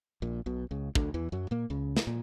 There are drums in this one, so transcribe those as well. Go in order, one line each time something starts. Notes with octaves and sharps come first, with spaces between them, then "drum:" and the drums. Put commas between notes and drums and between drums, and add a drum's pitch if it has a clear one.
A#1 A#2
B1 B2
C#2 C#3
D2 D3, drum: kick
E2 E3
F#2 F#3
A#2 A#3
C#2 C#3
drum: snare
A#2